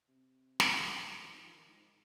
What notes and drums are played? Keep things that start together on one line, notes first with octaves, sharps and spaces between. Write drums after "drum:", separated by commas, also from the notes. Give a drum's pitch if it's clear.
C3
drum: snare
D#3
F3
D#3
G#2